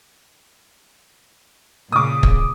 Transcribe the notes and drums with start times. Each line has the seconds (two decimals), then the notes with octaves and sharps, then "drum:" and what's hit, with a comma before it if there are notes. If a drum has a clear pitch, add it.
1.92 A#2 C#3 D6 D#6
2.23 drum: kick